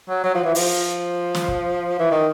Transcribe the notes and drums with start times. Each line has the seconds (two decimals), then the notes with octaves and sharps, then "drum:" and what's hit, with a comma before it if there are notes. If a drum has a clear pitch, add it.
0.09 F#3
0.24 F#3
0.35 F3
0.44 E3
0.55 F3, drum: open hi-hat
1.35 drum: snare
1.48 drum: kick
1.99 E3
2.11 D#3